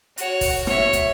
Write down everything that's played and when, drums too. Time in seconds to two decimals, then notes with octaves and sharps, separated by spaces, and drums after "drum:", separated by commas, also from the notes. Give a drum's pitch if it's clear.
0.18 F#4 C#5, drum: hi-hat
0.41 drum: kick, open hi-hat
0.67 C#5 E5, drum: rim click
0.93 drum: kick, hi-hat